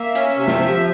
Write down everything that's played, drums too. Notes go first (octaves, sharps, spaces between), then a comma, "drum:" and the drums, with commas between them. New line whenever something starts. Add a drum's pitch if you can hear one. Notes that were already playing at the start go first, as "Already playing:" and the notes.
Already playing: A#3 E5
C#4, drum: hi-hat
C3
drum: snare
F3